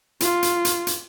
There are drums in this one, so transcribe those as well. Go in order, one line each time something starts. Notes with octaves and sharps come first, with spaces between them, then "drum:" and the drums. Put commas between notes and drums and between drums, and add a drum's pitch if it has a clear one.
F4, drum: hi-hat
drum: hi-hat
drum: hi-hat
drum: hi-hat